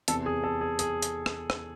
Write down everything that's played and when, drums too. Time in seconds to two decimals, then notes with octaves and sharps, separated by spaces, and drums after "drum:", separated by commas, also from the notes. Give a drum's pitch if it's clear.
0.08 E2 C3 E3 A4, drum: hi-hat
0.26 G#4
0.44 A4
0.61 G#4
0.79 G#4, drum: hi-hat
1.02 drum: hi-hat
1.26 drum: rim click
1.50 drum: rim click